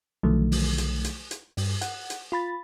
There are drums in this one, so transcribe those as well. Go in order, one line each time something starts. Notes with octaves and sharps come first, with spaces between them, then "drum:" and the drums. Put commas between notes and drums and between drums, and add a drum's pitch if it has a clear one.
B1 D3 D#3 F3 F#3 A3
drum: open hi-hat
drum: hi-hat
drum: hi-hat
drum: hi-hat
G2, drum: open hi-hat
F#5, drum: hi-hat
drum: hi-hat
F4 B5 A6